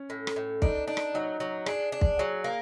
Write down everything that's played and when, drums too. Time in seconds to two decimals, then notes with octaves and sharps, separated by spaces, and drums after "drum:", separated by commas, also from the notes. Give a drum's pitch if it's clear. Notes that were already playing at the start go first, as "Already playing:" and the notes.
Already playing: C#4
0.10 A2
0.27 drum: rim click
0.36 A2
0.62 D4 D#4, drum: kick
0.87 D4 D#4
0.97 drum: rim click
1.14 F#3 D#4
1.40 F#3
1.66 D4 G#4, drum: rim click
1.92 D4
2.01 drum: kick
2.19 F#3 G#4
2.44 A#3